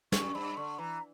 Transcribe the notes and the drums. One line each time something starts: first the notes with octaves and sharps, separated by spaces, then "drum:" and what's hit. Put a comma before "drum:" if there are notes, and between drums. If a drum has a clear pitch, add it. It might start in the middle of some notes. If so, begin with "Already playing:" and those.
F#2 C#6, drum: snare
G2 B5
D3 C#6
E3 A#5